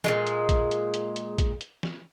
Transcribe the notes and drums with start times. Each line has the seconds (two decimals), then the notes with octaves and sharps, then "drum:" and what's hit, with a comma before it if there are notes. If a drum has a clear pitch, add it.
0.04 A#2 D3 G#3, drum: snare
0.27 drum: hi-hat
0.49 drum: kick, hi-hat
0.71 drum: hi-hat
0.94 drum: hi-hat
1.16 drum: hi-hat
1.38 drum: kick, hi-hat
1.61 drum: hi-hat
1.83 drum: snare